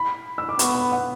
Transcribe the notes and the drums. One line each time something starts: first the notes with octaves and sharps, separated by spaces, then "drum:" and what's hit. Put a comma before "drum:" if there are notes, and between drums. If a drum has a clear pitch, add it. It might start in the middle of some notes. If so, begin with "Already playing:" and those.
Already playing: B5
E6
D6
B3 C#6, drum: hi-hat
B5
F#5